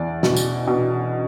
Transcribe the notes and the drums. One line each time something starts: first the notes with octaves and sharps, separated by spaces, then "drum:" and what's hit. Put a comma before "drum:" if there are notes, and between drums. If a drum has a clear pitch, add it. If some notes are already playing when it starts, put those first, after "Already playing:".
Already playing: E2 D5
B2, drum: snare
drum: tambourine
B2